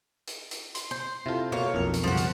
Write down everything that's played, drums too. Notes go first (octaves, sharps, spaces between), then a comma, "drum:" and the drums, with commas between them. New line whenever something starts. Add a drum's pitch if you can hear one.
drum: hi-hat
drum: hi-hat
C6, drum: hi-hat
C5
C3 E4 F4 A4
B2 A#3 C#5 F5
B1 F2 A#3 B3 A#4
drum: hi-hat
F#2 C#3 F3 G3 F#4
drum: hi-hat